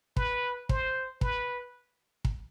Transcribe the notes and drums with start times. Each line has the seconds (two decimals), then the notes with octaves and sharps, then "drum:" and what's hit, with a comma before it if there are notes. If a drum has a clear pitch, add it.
0.16 B4, drum: kick
0.69 C5, drum: kick
1.21 B4, drum: kick
2.25 drum: kick